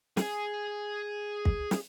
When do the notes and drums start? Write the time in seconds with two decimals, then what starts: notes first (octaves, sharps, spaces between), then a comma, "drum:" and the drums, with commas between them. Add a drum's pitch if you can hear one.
0.17 G#4 G#5, drum: snare
1.45 drum: kick
1.71 drum: snare